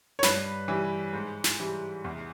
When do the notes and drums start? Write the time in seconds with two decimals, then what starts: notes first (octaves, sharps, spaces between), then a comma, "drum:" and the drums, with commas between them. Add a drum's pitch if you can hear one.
0.19 C#5
0.23 G2 B4, drum: snare
0.68 E3 G3
1.13 G#2
1.44 drum: snare
1.59 E3 G3
2.05 E2